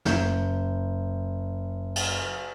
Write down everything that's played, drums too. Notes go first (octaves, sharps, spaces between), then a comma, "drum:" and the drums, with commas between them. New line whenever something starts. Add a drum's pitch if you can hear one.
F#1 G6, drum: snare
drum: cymbal